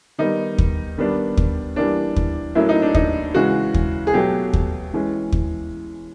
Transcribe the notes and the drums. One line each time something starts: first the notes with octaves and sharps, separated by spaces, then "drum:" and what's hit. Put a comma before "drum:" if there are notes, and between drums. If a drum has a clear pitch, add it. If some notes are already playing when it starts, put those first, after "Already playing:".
D#3 G3 B3 D#4
drum: kick
D#3 G3 B3 D4
drum: kick
E3 G3 A#3 D4
drum: kick
A2 F#3 A#3 C#4 E4
D#4
D4
D#4, drum: kick
C#3 E3 G#3 F#4
drum: kick
G#4
B2 F#3 A3 G4
drum: kick
E3 G#3 C#4
drum: kick